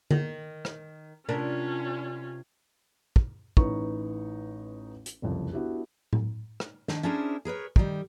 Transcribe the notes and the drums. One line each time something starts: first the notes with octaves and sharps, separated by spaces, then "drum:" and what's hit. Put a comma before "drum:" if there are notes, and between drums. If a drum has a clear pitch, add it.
D#3, drum: tom D3
drum: rim click
C3 C#4 D4 F4 A#4
drum: kick
A1 E3 D#4 B4 C#6, drum: kick
drum: hi-hat
F#1 C2 F2
B3 D4 E4 F#4 G4
drum: tom A2
drum: rim click
D#3 D4, drum: snare
C#4 D4 E4 G#4 A#4 C5
G#4 A#4 B4 C#5
D#3 G3, drum: kick